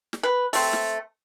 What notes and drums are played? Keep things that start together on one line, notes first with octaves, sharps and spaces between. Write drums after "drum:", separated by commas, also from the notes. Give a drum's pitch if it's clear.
drum: snare
B4
A3 C4, drum: open hi-hat
drum: snare